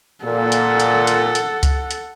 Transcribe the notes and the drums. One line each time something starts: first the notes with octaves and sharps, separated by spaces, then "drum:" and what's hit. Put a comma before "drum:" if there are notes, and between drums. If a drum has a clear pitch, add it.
A#2 A4 F#5
drum: hi-hat
drum: hi-hat
drum: hi-hat
drum: hi-hat
drum: kick C#2, hi-hat
drum: hi-hat